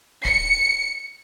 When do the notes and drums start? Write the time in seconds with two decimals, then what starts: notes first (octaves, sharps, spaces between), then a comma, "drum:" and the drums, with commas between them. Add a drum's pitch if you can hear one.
0.25 C#7, drum: kick